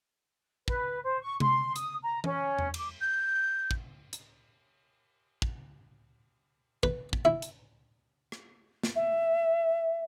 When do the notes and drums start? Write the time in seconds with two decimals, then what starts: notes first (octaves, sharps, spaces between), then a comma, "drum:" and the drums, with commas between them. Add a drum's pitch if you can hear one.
0.68 B4, drum: kick
1.02 C5
1.22 C#6
1.40 C6, drum: tom C3
1.76 D#6, drum: hi-hat
2.02 A#5
2.24 C#4, drum: tom E3
2.59 drum: tom E2
2.74 D6, drum: cymbal
3.01 G6
3.71 drum: kick
4.13 drum: hi-hat
5.42 drum: kick
6.83 B4, drum: kick
7.13 drum: kick
7.25 E4
7.42 drum: hi-hat
8.32 drum: rim click
8.83 drum: snare
8.96 E5